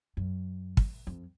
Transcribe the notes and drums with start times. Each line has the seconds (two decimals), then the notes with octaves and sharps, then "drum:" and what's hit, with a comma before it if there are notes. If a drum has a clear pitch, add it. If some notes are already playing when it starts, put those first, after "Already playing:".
0.17 F#2
0.77 drum: kick
1.07 F2